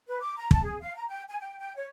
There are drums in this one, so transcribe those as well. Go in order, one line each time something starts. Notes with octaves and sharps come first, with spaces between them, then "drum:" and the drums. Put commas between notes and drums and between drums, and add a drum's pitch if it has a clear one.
B4
D6
A#5
A5, drum: kick
G#4
F5
A#5
G5
G#5
G5
G5
C#5